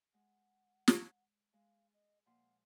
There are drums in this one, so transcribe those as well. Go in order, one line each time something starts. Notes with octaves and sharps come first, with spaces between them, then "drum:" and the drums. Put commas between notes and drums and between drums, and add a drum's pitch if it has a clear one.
G#3 F#5
drum: snare
G#3 F5
D#5
A#2 F3 F#5 C6